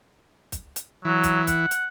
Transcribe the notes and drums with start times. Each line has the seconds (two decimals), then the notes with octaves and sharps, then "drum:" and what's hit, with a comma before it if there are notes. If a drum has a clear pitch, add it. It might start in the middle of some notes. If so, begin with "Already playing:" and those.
0.52 drum: kick, hi-hat
0.76 drum: hi-hat
1.05 E3 F#3
1.24 drum: kick, hi-hat
1.47 F#5, drum: kick, hi-hat
1.71 drum: hi-hat